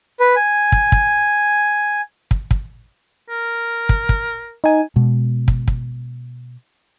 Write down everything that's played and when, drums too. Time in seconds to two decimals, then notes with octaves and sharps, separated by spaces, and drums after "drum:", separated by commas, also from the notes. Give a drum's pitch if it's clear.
0.20 B4
0.36 G#5
0.72 drum: kick
0.92 drum: kick
2.31 drum: kick
2.51 drum: kick
3.30 A#4
3.89 drum: kick
4.09 drum: kick
4.64 D#4 G#5
4.96 B2 G#3
5.48 drum: kick
5.68 drum: kick